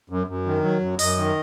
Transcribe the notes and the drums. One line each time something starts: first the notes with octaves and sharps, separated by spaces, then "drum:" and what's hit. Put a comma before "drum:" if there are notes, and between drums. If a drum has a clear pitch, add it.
F#2
F#2
D#3
F#3
F#2
F#2 D#5, drum: open hi-hat
D#3